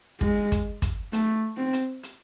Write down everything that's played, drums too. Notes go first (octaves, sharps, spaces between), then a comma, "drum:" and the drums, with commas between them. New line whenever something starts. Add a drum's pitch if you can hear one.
G#3, drum: kick
drum: kick, hi-hat
drum: kick, hi-hat
A3, drum: hi-hat
C4
drum: hi-hat
drum: hi-hat